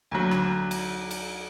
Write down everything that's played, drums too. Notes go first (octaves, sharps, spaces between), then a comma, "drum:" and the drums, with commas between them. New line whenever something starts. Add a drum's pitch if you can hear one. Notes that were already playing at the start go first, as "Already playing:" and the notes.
D2 F#3
drum: rim click
drum: cymbal
drum: cymbal